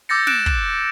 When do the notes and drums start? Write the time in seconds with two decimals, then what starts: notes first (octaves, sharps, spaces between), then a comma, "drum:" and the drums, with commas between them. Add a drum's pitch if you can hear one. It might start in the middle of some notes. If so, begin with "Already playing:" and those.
0.09 D6 E6 G6 A6 A#6 C#7
0.27 F#6 D7 E7, drum: snare
0.46 drum: kick